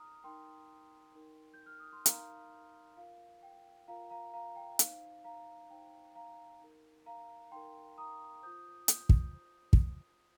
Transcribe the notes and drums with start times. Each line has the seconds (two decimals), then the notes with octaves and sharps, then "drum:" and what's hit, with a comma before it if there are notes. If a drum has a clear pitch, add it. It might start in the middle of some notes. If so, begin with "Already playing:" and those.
Already playing: D#4 A#4 A#5 D#6 F6
0.24 D#4 A#4 G5 C6
1.15 D#4 A#4
1.54 G6
1.66 F6
1.80 D#6
1.93 C6
2.06 D#4 A#4 F5 A#5, drum: hi-hat
2.97 F4 A#4 F5
3.43 G5
3.88 F4 A#4 F5 A#5
4.10 F5 A#5
4.33 F5 A#5
4.56 G5
4.79 D#4 C5 F5, drum: hi-hat
5.25 F5 A#5
5.70 D#4 C5 G5
6.15 F5 A#5
6.61 D#4 A#4
7.06 F5 A#5
7.52 D#4 A#4 G5 C6
7.98 A#5 D#6
8.43 F4 C5 D#6 G6
8.88 D#6 G6, drum: hi-hat
9.09 drum: kick
9.34 F4 C5
9.73 drum: kick